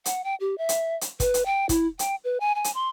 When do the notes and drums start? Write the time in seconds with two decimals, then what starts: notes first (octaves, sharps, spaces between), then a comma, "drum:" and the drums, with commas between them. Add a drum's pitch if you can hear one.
0.05 F#5, drum: hi-hat
0.24 G5
0.40 G4
0.58 E5
0.69 drum: hi-hat
1.01 drum: hi-hat
1.20 B4, drum: kick, hi-hat
1.34 drum: hi-hat
1.45 G5
1.69 E4, drum: kick, hi-hat
1.99 G5, drum: hi-hat
2.24 B4
2.40 G#5
2.55 G#5
2.64 drum: hi-hat
2.74 C6